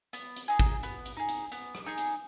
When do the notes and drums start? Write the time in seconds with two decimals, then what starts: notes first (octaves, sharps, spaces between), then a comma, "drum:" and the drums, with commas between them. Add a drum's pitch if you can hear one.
0.13 B3, drum: hi-hat
0.36 drum: hi-hat
0.48 D#4 G#4
0.60 drum: kick G#1, hi-hat
0.83 B3, drum: hi-hat
1.06 drum: hi-hat
1.17 D#4 G#4
1.29 drum: hi-hat
1.52 B3, drum: hi-hat
1.75 drum: rim click
1.86 D#4 G#4
1.98 drum: hi-hat